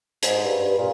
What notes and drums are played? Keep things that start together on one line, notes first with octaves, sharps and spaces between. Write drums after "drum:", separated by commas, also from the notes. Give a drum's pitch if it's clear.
G#2, drum: hi-hat
G2
G2
A#2